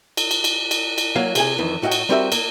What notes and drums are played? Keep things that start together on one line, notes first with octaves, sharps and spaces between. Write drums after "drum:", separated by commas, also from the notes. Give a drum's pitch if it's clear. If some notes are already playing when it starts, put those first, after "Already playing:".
drum: cymbal
drum: cymbal
drum: cymbal
drum: cymbal
drum: cymbal
F#3 A#3 F#4 C#5 F5
C3 G#4 G#5, drum: cymbal
F2 D#3 E3
A2 F#4 D#5 E5 G5
drum: cymbal
G3 C4 F#4 G4 A#4 E5
A#3, drum: cymbal